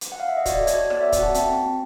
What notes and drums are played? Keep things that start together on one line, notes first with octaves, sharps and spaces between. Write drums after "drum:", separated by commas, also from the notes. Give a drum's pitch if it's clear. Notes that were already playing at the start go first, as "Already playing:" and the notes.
drum: hi-hat
F#5
F5
E5
D#5
F#4 D5, drum: kick C#1, hi-hat
A4
C#5, drum: hi-hat
F#4
B3 D5, drum: rim click
E5
A4
F#5, drum: kick C#1, hi-hat
F#4 A5
C4, drum: hi-hat
C4
C4